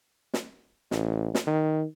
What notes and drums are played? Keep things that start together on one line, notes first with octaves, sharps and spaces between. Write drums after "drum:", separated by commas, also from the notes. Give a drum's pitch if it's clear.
drum: snare
A1, drum: snare
drum: snare
D#3